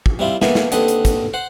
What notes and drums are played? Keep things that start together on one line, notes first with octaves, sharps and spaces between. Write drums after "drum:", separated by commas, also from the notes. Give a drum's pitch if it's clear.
drum: kick
G3 C4 E4 F4
A#3 B3 E5 G#5, drum: snare
drum: snare
D#2 D3 C4 B4 D#5, drum: hi-hat
drum: hi-hat
drum: kick, hi-hat
C5 F#5